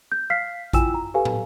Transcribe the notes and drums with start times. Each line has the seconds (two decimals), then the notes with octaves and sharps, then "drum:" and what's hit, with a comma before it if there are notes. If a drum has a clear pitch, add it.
0.12 G6
0.30 F5 F6 B6 C7
0.73 E4 F4 G5 G#5 E6 E7, drum: kick A1, hi-hat
0.94 A#5
1.14 G4 A4 B4 F5 G#5
1.25 drum: tom